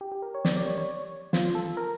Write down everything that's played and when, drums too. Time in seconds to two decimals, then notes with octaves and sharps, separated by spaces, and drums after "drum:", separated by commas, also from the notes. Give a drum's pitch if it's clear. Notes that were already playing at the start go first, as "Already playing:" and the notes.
0.01 G4
0.12 G4
0.22 A#4
0.34 C#5
0.45 D5, drum: snare
0.56 D5
0.67 C#5
0.78 C#5
1.33 F4, drum: snare
1.55 A4
1.77 A#4